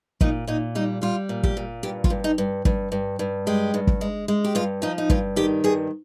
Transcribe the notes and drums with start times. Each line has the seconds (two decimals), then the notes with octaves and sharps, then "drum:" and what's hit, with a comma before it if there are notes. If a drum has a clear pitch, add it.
0.21 A#2 D#4, drum: kick
0.47 A#2 D#4
0.75 G3 D#4
1.02 G3 F4
1.29 A#2
1.43 G4, drum: kick
1.57 A#2
1.83 G2 G4
2.04 F4, drum: kick
2.10 G2
2.24 D#4
2.38 G2
2.65 G2, drum: kick
2.92 G2
3.19 G2
3.47 G#3 G4
3.74 G2
3.87 drum: kick
4.01 G#3
4.28 G#3
4.44 G4
4.55 G2 F4
4.82 F3 D#4
4.98 D#4
5.10 G2 F4, drum: kick
5.36 D#3 G4
5.64 G2 G#4